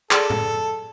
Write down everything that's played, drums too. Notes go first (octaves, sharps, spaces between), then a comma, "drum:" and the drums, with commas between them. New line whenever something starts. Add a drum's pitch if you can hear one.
G#4 A4 D5, drum: clap
drum: tom A2